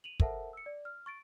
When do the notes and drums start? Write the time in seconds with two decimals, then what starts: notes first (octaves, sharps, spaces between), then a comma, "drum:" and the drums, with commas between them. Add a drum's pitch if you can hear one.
0.04 D#7 F7 F#7
0.20 A4 A#4 C5 E5 F#5 A5, drum: kick
0.53 E6 C#7
0.66 D5
0.85 F6
1.06 C#6 A6 D7